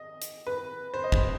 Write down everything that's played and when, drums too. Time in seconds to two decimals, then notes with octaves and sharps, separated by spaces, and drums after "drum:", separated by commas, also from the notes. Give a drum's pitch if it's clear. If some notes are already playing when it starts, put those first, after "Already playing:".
Already playing: D#5
0.22 drum: hi-hat
0.47 B4
0.94 C5
1.04 D#5
1.12 C5, drum: kick